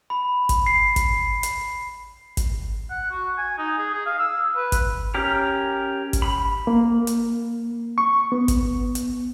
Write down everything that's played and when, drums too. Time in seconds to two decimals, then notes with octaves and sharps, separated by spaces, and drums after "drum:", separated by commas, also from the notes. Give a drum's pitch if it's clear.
0.10 B5
0.49 drum: kick G1, hi-hat
0.66 C7
0.96 drum: kick G1, hi-hat
1.43 drum: hi-hat
2.37 drum: kick G1, hi-hat
2.90 F#5
3.11 F#4
3.38 G#5
3.58 D#4
3.78 G#4
3.94 G#4
4.06 F5
4.19 E6
4.56 B4
4.72 drum: kick G1, hi-hat
5.14 C#4 G4 A#4
6.13 drum: kick G1, hi-hat
6.22 B5
6.67 A#3
7.07 drum: hi-hat
7.98 C#6
8.32 B3
8.48 drum: kick G1, hi-hat
8.95 drum: hi-hat